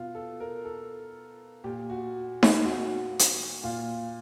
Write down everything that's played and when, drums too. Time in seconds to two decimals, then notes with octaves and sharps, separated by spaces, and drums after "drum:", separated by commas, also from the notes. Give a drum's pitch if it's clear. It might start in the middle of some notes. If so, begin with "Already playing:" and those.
Already playing: B2 F4
0.15 A4
0.40 A#4
0.65 A4
1.64 A#2 G4
1.90 F#4
2.43 drum: snare D#4
2.64 F#4
3.19 drum: hi-hat
3.63 A#2 F4